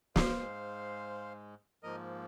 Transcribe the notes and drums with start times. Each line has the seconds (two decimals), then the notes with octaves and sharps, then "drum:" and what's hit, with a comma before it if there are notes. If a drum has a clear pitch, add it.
0.16 C5 F5, drum: snare
0.40 G#2 G#3
1.83 G#2 F3 A#3 A#4 D#5